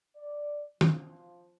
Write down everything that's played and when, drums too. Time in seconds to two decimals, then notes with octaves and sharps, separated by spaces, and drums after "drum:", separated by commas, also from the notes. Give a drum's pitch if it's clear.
0.16 D5
0.81 F3, drum: tom